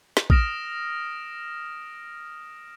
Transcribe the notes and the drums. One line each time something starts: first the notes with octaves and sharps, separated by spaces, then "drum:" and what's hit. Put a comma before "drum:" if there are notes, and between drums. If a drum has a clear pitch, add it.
drum: snare
D#6 F6 A#6 D7 E7, drum: kick